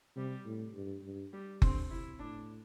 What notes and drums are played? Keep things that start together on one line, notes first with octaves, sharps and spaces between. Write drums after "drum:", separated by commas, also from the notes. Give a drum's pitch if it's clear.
C3 G3
A2
G2
G2
G3
D3 C4, drum: kick F#1
C3 E4
A2 D4